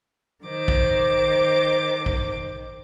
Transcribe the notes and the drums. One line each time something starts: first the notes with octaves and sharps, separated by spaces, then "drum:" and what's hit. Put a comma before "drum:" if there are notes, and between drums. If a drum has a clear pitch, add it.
D#3 C5 D6
drum: kick
drum: kick